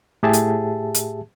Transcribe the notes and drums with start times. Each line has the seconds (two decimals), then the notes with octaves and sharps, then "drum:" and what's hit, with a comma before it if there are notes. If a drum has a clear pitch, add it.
0.23 A2 G4 G#4 E5 A5
0.33 drum: hi-hat
0.94 drum: hi-hat